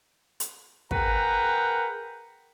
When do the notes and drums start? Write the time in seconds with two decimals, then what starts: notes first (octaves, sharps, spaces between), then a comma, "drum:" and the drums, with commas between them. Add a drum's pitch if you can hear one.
0.40 drum: hi-hat
0.91 G#4 A#4 B4 F#5 G5 A#5, drum: kick